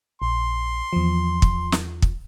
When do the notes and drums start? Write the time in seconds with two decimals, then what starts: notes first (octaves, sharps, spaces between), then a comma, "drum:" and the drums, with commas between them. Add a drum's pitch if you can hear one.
0.22 A#1 C6
0.93 E2 F3
1.42 drum: kick
1.72 drum: snare
2.02 drum: kick